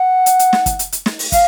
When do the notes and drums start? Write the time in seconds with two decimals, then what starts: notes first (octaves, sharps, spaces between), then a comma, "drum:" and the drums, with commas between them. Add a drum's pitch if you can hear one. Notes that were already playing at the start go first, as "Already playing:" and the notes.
Already playing: F#5
0.26 drum: hi-hat
0.39 drum: hi-hat
0.53 drum: snare
0.66 drum: kick, hi-hat
0.79 drum: hi-hat
0.92 drum: hi-hat
1.06 drum: snare
1.19 drum: open hi-hat
1.32 F5, drum: kick, hi-hat